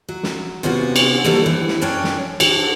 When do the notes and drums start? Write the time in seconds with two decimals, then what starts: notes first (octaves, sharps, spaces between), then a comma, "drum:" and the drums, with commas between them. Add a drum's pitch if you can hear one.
0.09 F#3
0.23 drum: snare
0.63 C3 B3 C#4 F4 F#4
0.96 drum: cymbal
1.24 E3 F#3 G3 A#3 A4
1.46 E3
1.68 drum: snare
1.81 F#2 C#4 D4 C#5 G5
2.04 drum: snare
2.40 F#4 A4, drum: cymbal